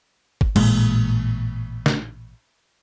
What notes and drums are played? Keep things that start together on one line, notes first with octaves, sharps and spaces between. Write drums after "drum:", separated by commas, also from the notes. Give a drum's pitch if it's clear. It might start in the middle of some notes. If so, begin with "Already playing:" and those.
drum: kick
A1 A#2 G#3, drum: cymbal
drum: snare